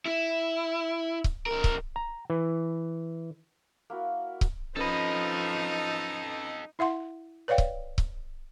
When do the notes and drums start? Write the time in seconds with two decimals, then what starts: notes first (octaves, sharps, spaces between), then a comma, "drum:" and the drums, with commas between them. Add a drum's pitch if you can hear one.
0.06 E4
1.24 drum: kick C#1
1.46 B1 A#4
1.64 drum: kick C#1
1.96 A#5
2.30 E3
3.90 A#3 E4 F#4
4.41 drum: kick C#1
4.77 F3 C#4 D#4 A4 B4 D#5 B5
6.79 E4 E5 F#5 C6
7.48 B4 C#5 D5 F5 G5
7.58 drum: kick C#1
7.98 drum: kick C#1